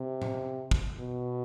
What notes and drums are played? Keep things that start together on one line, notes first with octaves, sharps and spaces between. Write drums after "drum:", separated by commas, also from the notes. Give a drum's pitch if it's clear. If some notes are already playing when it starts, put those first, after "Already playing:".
Already playing: C3
drum: tom A2
drum: kick
B2